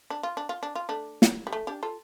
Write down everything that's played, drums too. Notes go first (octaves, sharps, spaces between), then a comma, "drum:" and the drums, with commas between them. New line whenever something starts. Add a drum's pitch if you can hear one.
D4
F4
D4
F4
D4
F4
A3 D4
drum: snare
G3
A3
D4 G4
F4 A4